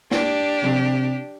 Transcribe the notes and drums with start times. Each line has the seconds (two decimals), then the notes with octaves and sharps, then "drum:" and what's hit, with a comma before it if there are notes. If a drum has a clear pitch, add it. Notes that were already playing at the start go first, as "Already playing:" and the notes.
0.11 D4 G4, drum: snare
0.64 C3, drum: tom F3